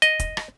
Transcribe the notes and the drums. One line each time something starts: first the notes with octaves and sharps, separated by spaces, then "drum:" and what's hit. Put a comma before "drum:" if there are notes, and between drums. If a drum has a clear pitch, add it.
D#5, drum: hi-hat
drum: kick, hi-hat
drum: rim click